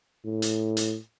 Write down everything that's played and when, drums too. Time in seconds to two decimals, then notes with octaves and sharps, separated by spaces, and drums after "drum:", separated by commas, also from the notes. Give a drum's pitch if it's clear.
0.25 A2
0.42 drum: hi-hat
0.77 drum: hi-hat